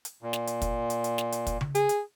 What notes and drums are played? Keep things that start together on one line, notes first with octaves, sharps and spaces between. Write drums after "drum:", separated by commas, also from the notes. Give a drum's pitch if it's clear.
drum: hi-hat
A#2
drum: snare
drum: hi-hat
drum: kick, hi-hat
drum: hi-hat
drum: hi-hat
drum: snare
drum: hi-hat
drum: kick, hi-hat
drum: tom C#3
G#4, drum: hi-hat
drum: hi-hat